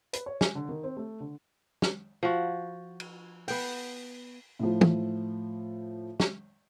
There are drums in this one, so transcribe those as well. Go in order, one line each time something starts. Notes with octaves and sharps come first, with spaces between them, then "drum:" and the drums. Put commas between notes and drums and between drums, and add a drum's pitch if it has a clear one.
B4, drum: hi-hat
C#5
G#5, drum: snare
D3
D#3
C4
A3
D3
drum: snare
F3 F#4
drum: cymbal
B3 G5, drum: open hi-hat
A2 F3
drum: tom
drum: snare